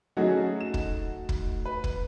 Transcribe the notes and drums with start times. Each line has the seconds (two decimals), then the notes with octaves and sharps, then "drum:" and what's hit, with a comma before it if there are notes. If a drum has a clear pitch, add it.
0.17 F#3 A3 C#4 D#4 F#4 G#4
0.61 E7
0.74 drum: kick
1.29 drum: kick
1.66 B4
1.84 drum: kick